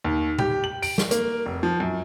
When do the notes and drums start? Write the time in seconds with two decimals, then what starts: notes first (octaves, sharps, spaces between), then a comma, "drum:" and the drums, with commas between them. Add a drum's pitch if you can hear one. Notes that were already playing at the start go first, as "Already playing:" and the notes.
0.04 D#2
0.39 G4, drum: tom B2
0.64 F#7
0.83 D7, drum: open hi-hat
0.98 drum: snare
1.11 A#3, drum: hi-hat
1.46 F1
1.63 F3
1.80 F#2